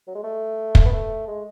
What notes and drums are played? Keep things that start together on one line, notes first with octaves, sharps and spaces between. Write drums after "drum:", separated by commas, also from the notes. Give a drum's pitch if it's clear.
F#3
G#3
A3
drum: kick
B3
A3
G#3